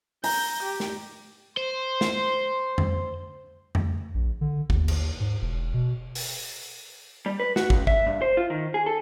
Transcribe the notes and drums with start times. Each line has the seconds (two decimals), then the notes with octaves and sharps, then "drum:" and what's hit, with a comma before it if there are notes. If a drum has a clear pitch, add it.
0.24 A#5 G6, drum: open hi-hat
0.63 G4
0.80 drum: snare
1.57 C5 C6
2.01 drum: snare
2.78 drum: tom F2
3.75 drum: tom F2
4.14 A#1
4.41 D3
4.70 D#2, drum: kick
4.88 drum: cymbal
5.20 G#2
5.42 E1
5.74 B2
6.15 drum: open hi-hat
7.26 G3
7.40 B4
7.56 F#4, drum: snare
7.70 C#2, drum: kick
7.87 E5, drum: kick
8.06 G2
8.22 C5
8.37 F4
8.50 D#3
8.74 G#4
8.86 A4